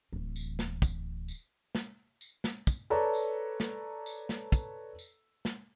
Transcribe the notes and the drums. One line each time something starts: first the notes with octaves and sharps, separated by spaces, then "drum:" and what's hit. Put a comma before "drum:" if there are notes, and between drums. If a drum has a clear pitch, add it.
D1 E3
drum: tambourine
drum: snare
drum: kick, tambourine
drum: tambourine
drum: snare
drum: tambourine
drum: snare
drum: kick, tambourine
A4 B4 C#5 D5 A5 A#5
drum: tambourine
drum: snare
drum: tambourine
drum: snare
drum: kick, tambourine
drum: tambourine
drum: snare